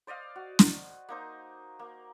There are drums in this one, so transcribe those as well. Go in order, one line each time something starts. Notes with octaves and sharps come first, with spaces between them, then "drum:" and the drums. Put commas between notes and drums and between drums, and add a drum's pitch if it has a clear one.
C5 D5 D#5 F5
F#4
drum: snare
A#3 D#4 C5
A#3